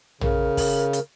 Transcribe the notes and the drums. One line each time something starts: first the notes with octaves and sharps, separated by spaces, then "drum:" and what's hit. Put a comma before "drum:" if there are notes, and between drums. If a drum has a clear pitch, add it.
C#3 A#4, drum: tom
drum: kick, open hi-hat
drum: hi-hat